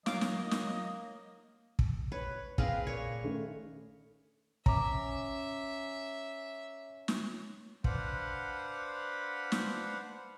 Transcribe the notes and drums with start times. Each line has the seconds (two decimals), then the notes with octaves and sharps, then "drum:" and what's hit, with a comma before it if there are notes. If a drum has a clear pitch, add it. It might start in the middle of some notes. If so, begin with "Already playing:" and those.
0.06 F#3 A#3 D#5 F5 D6, drum: snare
0.21 drum: snare
0.51 F#3, drum: snare
1.79 drum: kick
2.12 B4 C#5
2.58 C4 G#4 A#4 B4 F5, drum: kick
2.87 A#2 C#5
3.24 D#3 A3 C#4
4.66 C#4 E5 A#5 D6, drum: kick
7.08 drum: snare
7.84 D4 B4 C5 F5 F#5 B5, drum: kick
9.52 drum: snare